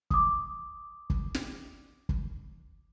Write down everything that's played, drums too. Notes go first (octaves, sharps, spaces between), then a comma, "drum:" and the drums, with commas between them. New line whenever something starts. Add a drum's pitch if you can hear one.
D6 D#6, drum: kick
drum: kick
drum: snare
drum: kick